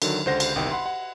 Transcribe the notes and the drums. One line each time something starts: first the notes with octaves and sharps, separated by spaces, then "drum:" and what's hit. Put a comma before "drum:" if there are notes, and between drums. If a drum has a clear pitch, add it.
D3 D#3 F#3, drum: cymbal
C#2 D3 C5 F#5 A#6
drum: cymbal
G1 C2 D#3 G5
F#5 B5 C6
F#5